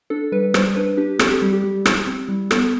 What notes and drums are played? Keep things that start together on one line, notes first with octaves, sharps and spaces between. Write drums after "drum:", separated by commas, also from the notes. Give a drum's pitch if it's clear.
D4 A4
G3 B4
G3 C5, drum: rim click
D4 B4
D4 G4
C4 A4, drum: rim click
G4
G3
G4
G3
E4, drum: rim click
C4
G3
B3 A4, drum: rim click